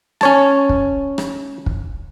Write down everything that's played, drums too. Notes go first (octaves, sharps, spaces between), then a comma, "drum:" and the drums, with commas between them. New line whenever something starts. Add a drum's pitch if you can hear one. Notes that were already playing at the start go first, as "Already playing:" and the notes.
C#4 C#5 A5, drum: rim click
drum: kick
drum: rim click
drum: kick